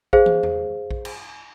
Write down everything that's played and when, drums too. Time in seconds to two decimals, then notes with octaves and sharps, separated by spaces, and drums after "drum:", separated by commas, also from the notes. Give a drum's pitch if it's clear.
0.13 G#4 C5 F5, drum: kick A#1
0.26 drum: tom
0.43 drum: tom E2
0.91 drum: kick A#1
1.05 drum: cymbal